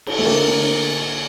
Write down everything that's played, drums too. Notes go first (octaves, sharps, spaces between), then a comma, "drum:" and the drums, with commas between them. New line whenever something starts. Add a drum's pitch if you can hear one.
drum: cymbal
A3
D3 A#3
D3